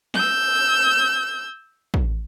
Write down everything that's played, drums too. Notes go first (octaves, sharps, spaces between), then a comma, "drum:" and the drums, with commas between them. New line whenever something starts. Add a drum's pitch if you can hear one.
E6 G6, drum: snare
drum: kick